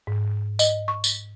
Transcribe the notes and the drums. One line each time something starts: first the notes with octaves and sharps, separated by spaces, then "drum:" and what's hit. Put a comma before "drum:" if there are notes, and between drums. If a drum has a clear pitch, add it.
G#2
D#5, drum: tambourine
C#6
drum: tambourine